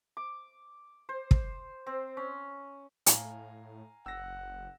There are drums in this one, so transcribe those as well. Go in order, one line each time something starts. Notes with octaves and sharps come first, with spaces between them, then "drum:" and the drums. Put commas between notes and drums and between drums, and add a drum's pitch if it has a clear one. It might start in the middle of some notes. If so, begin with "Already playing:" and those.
D6
C5
drum: kick
C4
C#4
A2 F5 G#5 A#5, drum: hi-hat
F#1 F#5 E6 A#6